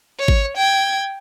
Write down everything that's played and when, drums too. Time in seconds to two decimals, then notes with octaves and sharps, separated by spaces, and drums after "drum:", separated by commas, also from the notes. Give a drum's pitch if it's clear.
0.19 C#5
0.28 drum: kick G#1
0.57 G5 G#6